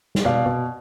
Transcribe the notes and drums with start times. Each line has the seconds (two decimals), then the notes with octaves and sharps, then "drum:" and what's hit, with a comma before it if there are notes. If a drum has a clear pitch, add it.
0.15 drum: snare
0.25 B2 D5 F5
0.46 B2